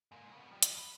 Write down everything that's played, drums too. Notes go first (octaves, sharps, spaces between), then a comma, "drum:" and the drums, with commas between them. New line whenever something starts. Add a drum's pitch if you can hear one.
G#2 A#3
C#3 B3
F3 G3
drum: hi-hat
F2 B4